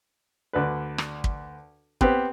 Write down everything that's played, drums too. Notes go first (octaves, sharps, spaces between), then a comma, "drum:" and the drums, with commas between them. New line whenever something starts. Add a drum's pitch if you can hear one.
D2 D4 B4
drum: rim click
drum: kick
B3 C4 G4 B4, drum: kick